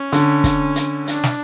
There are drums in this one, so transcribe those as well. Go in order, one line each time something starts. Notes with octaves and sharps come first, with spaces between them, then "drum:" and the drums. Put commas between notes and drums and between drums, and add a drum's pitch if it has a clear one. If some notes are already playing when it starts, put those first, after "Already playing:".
Already playing: C#4
D3, drum: hi-hat
drum: kick, hi-hat
drum: hi-hat
D4, drum: hi-hat
drum: snare